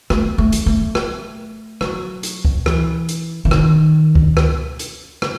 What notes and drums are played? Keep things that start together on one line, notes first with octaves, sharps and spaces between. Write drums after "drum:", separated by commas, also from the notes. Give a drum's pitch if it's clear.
A3, drum: rim click
A3
drum: hi-hat
A3
drum: rim click
F#3, drum: rim click
drum: hi-hat
drum: kick C#2
E3, drum: rim click
drum: hi-hat
E3
D#3, drum: rim click
drum: kick C#2
drum: rim click
drum: hi-hat
drum: rim click